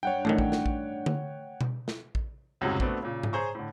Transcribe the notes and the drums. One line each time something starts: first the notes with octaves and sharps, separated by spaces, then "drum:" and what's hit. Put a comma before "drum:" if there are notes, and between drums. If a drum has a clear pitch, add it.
G2 D4 C#5 F#5 G5
A1 A2 D#3 A3
drum: kick A1
drum: snare
drum: kick A1
drum: tom D3
drum: tom B2
drum: snare
drum: kick A1
C#2 F#2 A2 C3 F#3 G#3
A3 B3 C4 D4 F#4, drum: kick A1
A#2 C#3
drum: tom G#2
G#4 C5 C#5 A#5 C#6
A2 D3